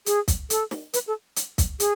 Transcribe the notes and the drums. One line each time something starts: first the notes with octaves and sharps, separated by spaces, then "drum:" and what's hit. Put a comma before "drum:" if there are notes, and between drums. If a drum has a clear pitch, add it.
G#4, drum: hi-hat
drum: kick, hi-hat
A4, drum: hi-hat
drum: snare
B4, drum: hi-hat
A4
drum: hi-hat
drum: kick, hi-hat
G#4, drum: hi-hat